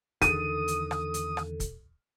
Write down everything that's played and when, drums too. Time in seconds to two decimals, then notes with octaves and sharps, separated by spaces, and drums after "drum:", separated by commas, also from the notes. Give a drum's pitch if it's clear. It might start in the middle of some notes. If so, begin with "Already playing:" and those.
0.22 E2 D3 D#3 A4 D#6 D#7, drum: kick, hi-hat
0.68 drum: hi-hat
0.91 drum: rim click
1.14 drum: hi-hat
1.37 drum: rim click
1.60 drum: kick, hi-hat